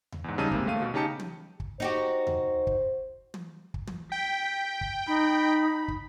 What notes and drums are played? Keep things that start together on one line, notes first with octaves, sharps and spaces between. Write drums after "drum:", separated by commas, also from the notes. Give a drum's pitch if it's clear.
drum: tom D#2
E2 G#2
C#3 G3 D#4 A5 E6 D#7
C3 G#3 A#3, drum: kick
D#2 A3 F5 D#7
B2
C#3 D#4 G4 A5 C#7
drum: tom
drum: kick
D#4 F#4 G4 C5
drum: tom D#2
drum: kick
drum: tom
drum: kick
drum: tom
G5 B6
drum: kick
D#4 B5
drum: kick